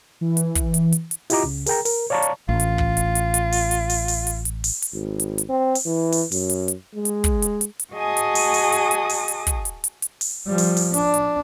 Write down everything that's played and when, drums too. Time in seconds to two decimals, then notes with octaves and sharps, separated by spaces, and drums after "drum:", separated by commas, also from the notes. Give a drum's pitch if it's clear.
0.21 E3
0.37 drum: hi-hat
0.55 drum: kick, hi-hat
0.74 drum: hi-hat
0.92 drum: hi-hat
1.11 drum: hi-hat
1.30 E4 F4 G4 D#5 A#5 D6, drum: open hi-hat
1.43 C#2 C#3
1.66 G#4 A#4 G5 A#5, drum: open hi-hat
1.85 A#4, drum: open hi-hat
2.10 C#5 D5 F5 A5 A#5 C#6
2.22 drum: hi-hat
2.49 A1 F4
2.60 drum: hi-hat
2.78 drum: kick
2.97 drum: hi-hat
3.15 drum: hi-hat
3.34 drum: hi-hat
3.52 drum: open hi-hat
3.71 drum: hi-hat
3.90 drum: open hi-hat
4.08 drum: open hi-hat
4.27 drum: hi-hat
4.45 drum: hi-hat
4.64 drum: open hi-hat
4.82 drum: hi-hat
4.93 G#1
5.20 drum: hi-hat
5.38 drum: hi-hat
5.49 C4
5.75 drum: open hi-hat
5.85 E3
6.12 drum: open hi-hat
6.32 F#2, drum: open hi-hat
6.49 drum: hi-hat
6.68 drum: hi-hat
6.95 G#3
7.05 drum: hi-hat
7.24 drum: kick, hi-hat
7.42 drum: hi-hat
7.61 drum: hi-hat
7.79 drum: hi-hat
7.94 F#4 G#4 D#5 G#5 A5 D#6
8.17 drum: hi-hat
8.35 drum: open hi-hat
8.54 drum: open hi-hat
8.72 drum: hi-hat
8.91 drum: hi-hat
9.09 drum: open hi-hat
9.28 drum: hi-hat
9.47 drum: kick, hi-hat
9.65 drum: hi-hat
9.84 drum: hi-hat
10.02 drum: hi-hat
10.21 drum: open hi-hat
10.46 F3 G3
10.58 drum: open hi-hat
10.77 drum: open hi-hat
10.94 D4, drum: hi-hat
11.14 drum: hi-hat